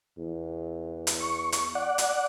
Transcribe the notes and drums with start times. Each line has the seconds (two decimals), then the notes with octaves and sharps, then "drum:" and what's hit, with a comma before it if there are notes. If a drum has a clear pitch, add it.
0.18 E2
1.07 drum: hi-hat
1.20 C#6
1.52 drum: hi-hat
1.75 D5 F#5
1.98 drum: hi-hat